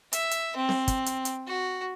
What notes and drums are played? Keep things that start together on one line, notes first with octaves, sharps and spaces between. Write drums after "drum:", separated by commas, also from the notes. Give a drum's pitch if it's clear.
E5, drum: hi-hat
drum: hi-hat
C4
drum: snare C4
drum: kick, hi-hat
drum: hi-hat
drum: hi-hat
F#4